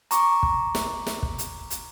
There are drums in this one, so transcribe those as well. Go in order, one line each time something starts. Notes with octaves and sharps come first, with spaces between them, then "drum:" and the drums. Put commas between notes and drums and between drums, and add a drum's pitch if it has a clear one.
A#5 C#6 D6, drum: hi-hat
drum: kick
drum: snare
drum: snare
drum: kick
drum: hi-hat
drum: hi-hat